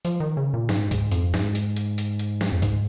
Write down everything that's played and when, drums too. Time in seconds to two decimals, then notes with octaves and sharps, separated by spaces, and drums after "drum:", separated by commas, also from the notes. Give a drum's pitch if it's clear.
0.05 F3, drum: hi-hat
0.20 D#3
0.37 C#3
0.54 A#2
0.69 G#2, drum: snare
0.91 G#2, drum: kick, hi-hat
1.11 F2, drum: hi-hat
1.34 G#2, drum: snare
1.55 drum: hi-hat
1.76 drum: hi-hat
1.98 drum: hi-hat
2.19 drum: hi-hat
2.41 drum: snare
2.52 F2
2.62 G#2, drum: kick, hi-hat